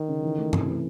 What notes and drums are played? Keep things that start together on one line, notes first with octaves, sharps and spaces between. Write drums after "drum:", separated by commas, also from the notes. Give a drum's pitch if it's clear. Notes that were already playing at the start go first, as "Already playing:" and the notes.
Already playing: D#3
C#3
E3
A3
C3, drum: tom G2
E3